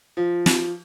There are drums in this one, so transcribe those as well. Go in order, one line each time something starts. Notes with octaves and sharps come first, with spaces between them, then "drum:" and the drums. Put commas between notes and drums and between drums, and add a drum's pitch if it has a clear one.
F3
drum: snare